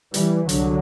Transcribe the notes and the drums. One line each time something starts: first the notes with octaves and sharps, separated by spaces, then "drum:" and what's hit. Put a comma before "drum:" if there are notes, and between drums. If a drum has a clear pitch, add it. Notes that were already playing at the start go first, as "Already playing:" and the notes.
E3 G3, drum: hi-hat
C2 D3 F#3, drum: hi-hat